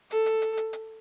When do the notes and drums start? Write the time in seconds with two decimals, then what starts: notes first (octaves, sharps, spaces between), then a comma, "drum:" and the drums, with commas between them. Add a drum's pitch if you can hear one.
0.11 A4, drum: hi-hat
0.26 drum: hi-hat
0.42 drum: hi-hat
0.57 drum: hi-hat
0.73 drum: hi-hat